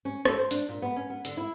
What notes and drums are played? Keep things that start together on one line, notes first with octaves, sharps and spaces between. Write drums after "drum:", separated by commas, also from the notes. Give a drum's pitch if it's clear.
C#4
A4, drum: rim click
C5
D4, drum: hi-hat
A#2
B3
C#4
B3
D3, drum: hi-hat
E4